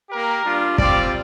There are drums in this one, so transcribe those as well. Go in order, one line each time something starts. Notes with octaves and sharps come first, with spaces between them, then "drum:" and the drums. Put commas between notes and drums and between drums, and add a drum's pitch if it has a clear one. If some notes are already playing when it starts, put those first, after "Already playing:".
A#3 G4 A#4
G3 D4 F4
G3 C4 F4 D5, drum: kick